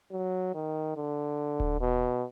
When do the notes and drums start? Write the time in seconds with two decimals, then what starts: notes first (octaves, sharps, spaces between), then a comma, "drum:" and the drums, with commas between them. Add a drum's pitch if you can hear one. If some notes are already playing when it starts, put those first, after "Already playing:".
0.12 F#3
0.54 D#3
0.97 D3
1.60 drum: kick D#1
1.81 B2